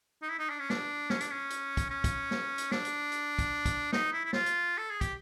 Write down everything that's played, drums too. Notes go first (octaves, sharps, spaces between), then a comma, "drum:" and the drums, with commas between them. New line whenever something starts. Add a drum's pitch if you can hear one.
D#4
E4
D#4
D4
C#4
D4, drum: snare
C#4, drum: snare
D4, drum: hi-hat
C#4
drum: hi-hat
drum: kick, hi-hat
C#4
drum: kick, hi-hat
drum: snare
drum: hi-hat
D4, drum: snare
drum: hi-hat
drum: hi-hat
drum: kick, hi-hat
drum: kick, hi-hat
D#4, drum: snare
E4
E4
F4, drum: snare
drum: hi-hat
A4
G#4
G4, drum: kick, hi-hat